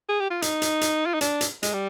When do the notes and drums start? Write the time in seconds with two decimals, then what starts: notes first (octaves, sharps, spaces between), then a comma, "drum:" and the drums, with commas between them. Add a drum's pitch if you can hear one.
0.09 G#4
0.20 G4
0.30 F4
0.42 D#4, drum: hi-hat
0.62 drum: hi-hat
0.81 drum: hi-hat
1.06 F4
1.14 D#4
1.21 D4, drum: hi-hat
1.41 drum: hi-hat
1.63 G#3, drum: hi-hat
1.73 G3